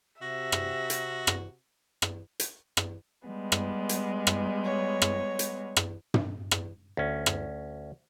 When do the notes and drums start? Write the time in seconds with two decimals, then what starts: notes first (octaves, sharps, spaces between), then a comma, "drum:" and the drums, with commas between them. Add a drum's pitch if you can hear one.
0.22 C3 F#4 E5 A#6
0.52 drum: rim click
0.90 drum: hi-hat
1.27 drum: rim click
2.02 drum: rim click
2.40 drum: hi-hat
2.77 drum: rim click
3.28 G3 G#3 B3
3.52 drum: rim click
3.89 drum: hi-hat
4.27 drum: rim click
4.64 C#5
5.02 drum: rim click
5.39 drum: hi-hat
5.76 drum: rim click
6.14 drum: tom
6.51 drum: rim click
6.97 D2 C#4
7.26 drum: rim click